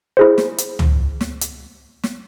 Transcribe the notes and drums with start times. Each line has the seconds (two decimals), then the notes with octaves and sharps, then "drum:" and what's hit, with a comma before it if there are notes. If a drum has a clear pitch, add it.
0.17 E4 G#4 C5
0.38 drum: snare
0.58 drum: hi-hat
0.79 drum: tom C#2
1.21 drum: snare
1.41 drum: hi-hat
2.03 drum: snare